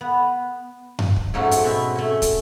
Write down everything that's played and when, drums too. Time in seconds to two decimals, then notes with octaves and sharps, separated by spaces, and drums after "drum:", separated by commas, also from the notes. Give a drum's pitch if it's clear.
0.01 B3
0.99 drum: tom F#2
1.16 drum: kick
1.34 G#2 F3 F#3 A3 C#4 D#4
1.51 drum: hi-hat
1.64 B2 C4 E5
1.95 A3 C#4
2.22 drum: kick, hi-hat